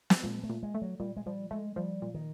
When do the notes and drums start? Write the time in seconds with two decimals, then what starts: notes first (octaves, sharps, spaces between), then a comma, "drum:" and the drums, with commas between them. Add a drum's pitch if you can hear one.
0.10 drum: snare
0.23 A#2 G#3
0.43 A3
0.50 A#2
0.63 G#3
0.75 A3
0.82 F#3
1.00 A#2 G3
1.17 G#3
1.26 F3 G3
1.51 G#3 A3
1.76 F3 G3
2.02 A#2
2.14 D#3